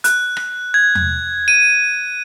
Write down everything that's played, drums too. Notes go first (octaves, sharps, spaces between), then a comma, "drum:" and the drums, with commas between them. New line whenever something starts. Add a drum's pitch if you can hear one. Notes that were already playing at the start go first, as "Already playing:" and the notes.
F#6, drum: hi-hat
drum: rim click
G#6
drum: tom E2
D#7